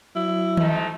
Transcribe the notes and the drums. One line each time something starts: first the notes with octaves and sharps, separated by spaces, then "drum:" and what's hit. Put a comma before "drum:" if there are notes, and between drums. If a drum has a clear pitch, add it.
F#3 E4
C3 A3 D#4, drum: tom D#3